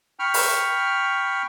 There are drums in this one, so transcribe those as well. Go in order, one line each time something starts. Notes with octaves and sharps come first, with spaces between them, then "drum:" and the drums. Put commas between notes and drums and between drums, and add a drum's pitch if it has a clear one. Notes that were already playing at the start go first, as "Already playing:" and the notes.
G5 B5 C#6 F6
drum: open hi-hat